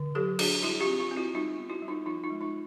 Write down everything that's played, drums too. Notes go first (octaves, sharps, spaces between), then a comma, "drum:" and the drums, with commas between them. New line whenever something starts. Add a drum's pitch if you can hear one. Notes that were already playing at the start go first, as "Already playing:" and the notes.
Already playing: D3
F#3 G4 A4
D4 F#4 G#4, drum: cymbal
G3 E4 F#4
F4 G4
C4
F4 G4
C4
E4 F#4
G3 D#4 F4
B3
E4 F#4
G3
D#4 F4
F3 D#4 F4
D#4 F4
G#3
D#4 F4